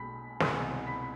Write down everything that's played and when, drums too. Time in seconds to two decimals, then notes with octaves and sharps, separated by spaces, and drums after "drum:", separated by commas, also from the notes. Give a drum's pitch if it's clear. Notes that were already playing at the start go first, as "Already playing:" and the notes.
Already playing: B1 B2 G#3 B5 B6
0.40 C2 B2 G#3, drum: snare
0.87 B5 B6